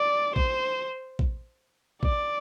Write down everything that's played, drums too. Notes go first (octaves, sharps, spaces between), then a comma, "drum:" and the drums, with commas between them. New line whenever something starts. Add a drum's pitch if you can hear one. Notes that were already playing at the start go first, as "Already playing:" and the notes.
Already playing: D5
C5, drum: kick A1
drum: kick A1
D5, drum: kick A1